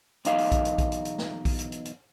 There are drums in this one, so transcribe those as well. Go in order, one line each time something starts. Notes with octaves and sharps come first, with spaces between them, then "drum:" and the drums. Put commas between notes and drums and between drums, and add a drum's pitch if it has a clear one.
B1 E2 D#4 F5, drum: hi-hat
drum: open hi-hat
drum: kick A#1, hi-hat
drum: hi-hat
drum: kick A#1, hi-hat
drum: hi-hat
drum: hi-hat
drum: snare
drum: kick A#1, open hi-hat
drum: hi-hat
drum: hi-hat
drum: hi-hat